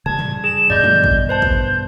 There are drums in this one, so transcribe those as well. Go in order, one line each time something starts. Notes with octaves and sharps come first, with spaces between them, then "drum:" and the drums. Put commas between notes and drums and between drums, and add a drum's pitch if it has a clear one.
C#3 G3 A5 G#6
drum: tom
G#4 E7
G2 B2 D3 D5 D#5 G6
drum: tom
drum: kick
B4 C5 A5 G6
drum: kick